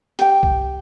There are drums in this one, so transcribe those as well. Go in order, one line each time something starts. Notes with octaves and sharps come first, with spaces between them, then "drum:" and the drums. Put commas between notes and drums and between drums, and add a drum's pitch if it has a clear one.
G4 G5, drum: hi-hat
drum: kick C2